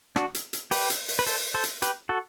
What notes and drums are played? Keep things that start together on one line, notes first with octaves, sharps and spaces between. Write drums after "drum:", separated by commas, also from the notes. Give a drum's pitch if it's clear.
D4 F#4, drum: rim click
drum: hi-hat
drum: hi-hat
G4 B4, drum: open hi-hat
drum: hi-hat
drum: open hi-hat
B4
A4 C5, drum: open hi-hat
A4 C5
drum: hi-hat
G4 B4, drum: hi-hat
F#4 A4